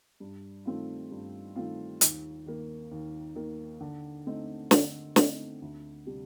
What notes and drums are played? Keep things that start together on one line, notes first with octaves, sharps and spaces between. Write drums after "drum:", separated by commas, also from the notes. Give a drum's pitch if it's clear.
G2
D#3 A3 C4 F4
G2
D#3 A3 C4 F4
D#2, drum: hi-hat
D#3 A#3
D#2
D#3 A#3
D3
A3 C4 D#4
D3, drum: snare
A3 C4 D#4, drum: snare
D2
C3 G3